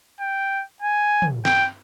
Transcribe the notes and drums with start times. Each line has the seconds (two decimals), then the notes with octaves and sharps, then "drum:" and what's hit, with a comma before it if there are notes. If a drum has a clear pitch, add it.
0.20 G5
0.82 G#5
1.22 drum: tom
1.45 G5, drum: snare